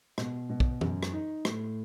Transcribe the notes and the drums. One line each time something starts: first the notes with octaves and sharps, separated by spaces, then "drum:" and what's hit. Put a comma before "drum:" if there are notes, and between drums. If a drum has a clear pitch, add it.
B2, drum: rim click
B2
drum: kick
F#2, drum: tom
drum: rim click
D#4
A2, drum: rim click